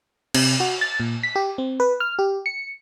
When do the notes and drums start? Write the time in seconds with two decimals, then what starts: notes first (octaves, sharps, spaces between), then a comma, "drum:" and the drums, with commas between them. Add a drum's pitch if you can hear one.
0.34 C3, drum: cymbal
0.60 F#4
0.81 A6
1.00 A#2
1.23 B6
1.36 G4
1.58 C4
1.80 B4
2.00 F6
2.19 G4
2.46 C#7